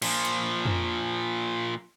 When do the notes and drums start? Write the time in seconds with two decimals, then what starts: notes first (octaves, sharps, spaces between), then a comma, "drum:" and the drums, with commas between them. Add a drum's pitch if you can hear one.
0.02 A#2 F3, drum: cymbal
0.25 drum: hi-hat
0.66 drum: tom F2